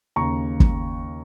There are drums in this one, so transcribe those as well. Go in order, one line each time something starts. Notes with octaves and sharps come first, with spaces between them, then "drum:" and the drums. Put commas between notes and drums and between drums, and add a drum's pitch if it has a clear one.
D#2 C#3 A#5 C#6
drum: kick